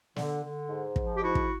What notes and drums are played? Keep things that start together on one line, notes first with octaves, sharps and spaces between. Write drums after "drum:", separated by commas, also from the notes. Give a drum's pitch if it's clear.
D3, drum: snare
D3
G#2
F3, drum: kick
G4
G#2 E4 F#4
drum: kick